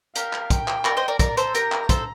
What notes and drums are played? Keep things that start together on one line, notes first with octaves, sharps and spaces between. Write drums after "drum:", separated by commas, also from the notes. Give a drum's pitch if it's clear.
G4 A#4 F5, drum: hi-hat
drum: clap
G5, drum: kick, hi-hat
drum: clap
A#4 D5, drum: clap
C5 D#5
A#4 D5
A#4 D5 A#5, drum: kick, hi-hat
A4 C5, drum: hi-hat
G4 A#4, drum: hi-hat
drum: clap
A4 C5, drum: kick, hi-hat